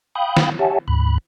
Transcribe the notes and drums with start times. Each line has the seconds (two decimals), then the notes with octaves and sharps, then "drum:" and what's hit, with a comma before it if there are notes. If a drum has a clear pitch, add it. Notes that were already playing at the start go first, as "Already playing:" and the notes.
0.15 F5 G5 B5 D#6 F#6 G6
0.37 drum: snare
0.59 G4 C#5 E5 F#5 G#5 A5
0.88 D2 G#2 B5 F#6